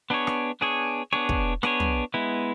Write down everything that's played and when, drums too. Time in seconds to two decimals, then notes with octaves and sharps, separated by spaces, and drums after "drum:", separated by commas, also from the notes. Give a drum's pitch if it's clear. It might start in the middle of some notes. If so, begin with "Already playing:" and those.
0.10 B3 D4 G#4 C#5
0.27 drum: rim click
0.61 B3 D4 G#4 C#5
1.13 B3 D4 G#4 C#5
1.29 drum: kick
1.63 B3 D4 G#4 C#5, drum: rim click
1.80 drum: tom
2.14 G#3 B3 E4